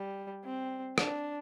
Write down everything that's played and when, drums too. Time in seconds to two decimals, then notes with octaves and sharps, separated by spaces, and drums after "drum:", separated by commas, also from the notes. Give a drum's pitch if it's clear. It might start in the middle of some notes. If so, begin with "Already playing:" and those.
Already playing: G3
0.45 C4
0.98 D4, drum: rim click